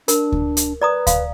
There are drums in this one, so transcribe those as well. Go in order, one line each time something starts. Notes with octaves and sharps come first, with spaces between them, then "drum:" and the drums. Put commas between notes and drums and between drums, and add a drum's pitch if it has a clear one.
D4 A#4, drum: hi-hat
drum: kick D2
drum: hi-hat
B4 D5 A#5 D#6
F5, drum: kick D2, hi-hat